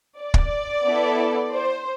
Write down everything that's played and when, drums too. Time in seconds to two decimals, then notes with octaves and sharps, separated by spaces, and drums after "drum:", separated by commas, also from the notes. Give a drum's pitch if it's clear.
0.19 D5
0.34 drum: kick
0.86 B3 E4 A4
1.54 C5